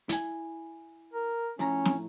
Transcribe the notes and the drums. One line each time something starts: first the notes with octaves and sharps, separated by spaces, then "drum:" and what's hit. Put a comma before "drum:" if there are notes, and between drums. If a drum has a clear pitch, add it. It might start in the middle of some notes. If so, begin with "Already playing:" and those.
E4 G#5, drum: hi-hat
A#4
A2 F3 C#4 A#5
drum: snare